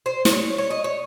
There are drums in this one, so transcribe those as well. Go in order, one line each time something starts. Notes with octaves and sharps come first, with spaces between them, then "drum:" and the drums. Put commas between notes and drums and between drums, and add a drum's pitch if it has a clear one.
C5
C5, drum: snare
C#5
C#5
D#5
C#5